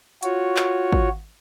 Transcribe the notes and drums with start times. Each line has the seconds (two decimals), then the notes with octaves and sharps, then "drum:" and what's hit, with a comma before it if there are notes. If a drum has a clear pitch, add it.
0.23 F4 F#4 C#5, drum: hi-hat
0.57 drum: clap
0.92 drum: kick G#1